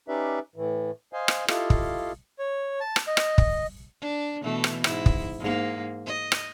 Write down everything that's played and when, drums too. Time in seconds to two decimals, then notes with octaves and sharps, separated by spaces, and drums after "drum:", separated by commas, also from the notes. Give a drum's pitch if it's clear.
0.08 C#4 D#4 G4 B4 D5 E5
0.56 A2 E3
1.13 C5 D#5 F5 G#5
1.28 drum: rim click
1.48 E4 F4 G4 A4 D#5 F5, drum: rim click
1.70 drum: kick
2.39 C#5
2.80 A5
2.96 drum: rim click
3.07 D#5
3.17 drum: rim click
3.38 drum: kick
4.01 D4
4.42 B2 E3 A3
4.64 drum: rim click
4.84 G#2 E4, drum: rim click
5.06 drum: kick
5.40 G#2 A#3
6.06 D#5
6.32 drum: rim click